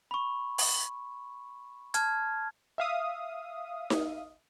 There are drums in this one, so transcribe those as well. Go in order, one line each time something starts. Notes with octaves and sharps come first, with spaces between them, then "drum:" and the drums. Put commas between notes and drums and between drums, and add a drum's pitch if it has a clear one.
B5 C#6
drum: open hi-hat
A5 F6 G#6, drum: hi-hat
E5 F5 D#6
drum: snare D#4